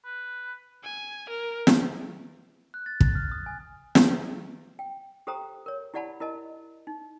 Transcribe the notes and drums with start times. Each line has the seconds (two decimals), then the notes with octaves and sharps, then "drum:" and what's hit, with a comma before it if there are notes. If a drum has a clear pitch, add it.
0.05 B4
0.84 G#5
1.29 A#4
1.67 drum: snare
2.74 F#6
2.86 A6
3.00 A6, drum: kick
3.15 F6
3.32 D#6
3.46 G#5
3.95 drum: snare
4.79 G5
5.27 G4 A4 C5 G5 A#5 D#6
5.66 A#4 C#5
5.94 E4 G4 D5 F#5 A5 B5
6.20 E4 A#4 D#5 A5
6.87 D#4